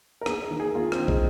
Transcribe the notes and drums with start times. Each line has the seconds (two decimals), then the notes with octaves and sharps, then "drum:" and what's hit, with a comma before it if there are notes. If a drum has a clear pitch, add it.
0.21 A#4
0.26 D#2 G#4, drum: rim click
0.43 A#4
0.51 D#3
0.60 G#4
0.75 D#2 F4
0.92 C4, drum: rim click
0.99 D#3
1.08 G#3, drum: kick